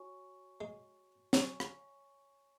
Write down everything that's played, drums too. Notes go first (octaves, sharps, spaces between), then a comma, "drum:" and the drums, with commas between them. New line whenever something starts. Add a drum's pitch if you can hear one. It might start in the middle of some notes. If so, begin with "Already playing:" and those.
Already playing: F#4 C#5 G#5 C#6
G#3
F#3 C#5 G#5 C#6, drum: snare
drum: rim click